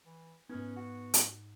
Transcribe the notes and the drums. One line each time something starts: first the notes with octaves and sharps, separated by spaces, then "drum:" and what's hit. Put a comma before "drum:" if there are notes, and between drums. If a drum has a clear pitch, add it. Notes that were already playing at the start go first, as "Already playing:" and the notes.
E3
G#2 B3 C#4 F6 G#6
F#4 F#5
drum: hi-hat